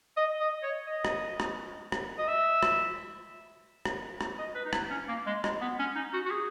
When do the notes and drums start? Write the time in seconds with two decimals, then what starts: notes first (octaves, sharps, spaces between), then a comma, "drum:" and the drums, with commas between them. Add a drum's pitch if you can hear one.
0.17 D#5
0.40 D#5
0.63 C#5
0.87 D#5
1.05 drum: rim click
1.40 drum: rim click
1.92 drum: rim click
2.18 D#5
2.28 E5
2.63 drum: rim click
3.85 drum: rim click
4.21 drum: rim click
4.38 D#5
4.55 B4
4.65 D#4
4.73 E4, drum: rim click
4.91 C#4
5.08 A#3
5.27 G#3
5.44 G#3, drum: rim click
5.61 B3
5.79 C#4
5.96 D#4
6.14 F#4
6.26 F#4
6.31 G#4